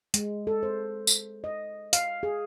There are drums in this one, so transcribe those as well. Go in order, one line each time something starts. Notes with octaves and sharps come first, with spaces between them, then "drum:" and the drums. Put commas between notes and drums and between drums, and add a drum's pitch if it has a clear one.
G#3, drum: hi-hat
A4
C5
drum: tambourine
D#5
F5, drum: hi-hat
G#4